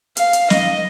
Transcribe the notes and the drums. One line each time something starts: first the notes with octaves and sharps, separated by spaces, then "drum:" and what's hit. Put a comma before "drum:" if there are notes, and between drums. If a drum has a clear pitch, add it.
F5, drum: hi-hat
drum: hi-hat
D#5, drum: snare